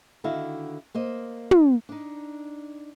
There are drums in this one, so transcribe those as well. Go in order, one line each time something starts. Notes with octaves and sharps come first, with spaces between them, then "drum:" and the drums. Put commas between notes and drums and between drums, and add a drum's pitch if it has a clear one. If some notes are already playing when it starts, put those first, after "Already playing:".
D3 D#3 E4 F#4 F5
A#3 C5 D#5
drum: tom
D4 D#4